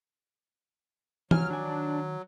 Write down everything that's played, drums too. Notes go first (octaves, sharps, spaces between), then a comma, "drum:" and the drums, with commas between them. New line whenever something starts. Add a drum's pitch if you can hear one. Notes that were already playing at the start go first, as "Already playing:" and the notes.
C#2 F3 F#3 G#5 F6, drum: tom
D#3 D4 G#5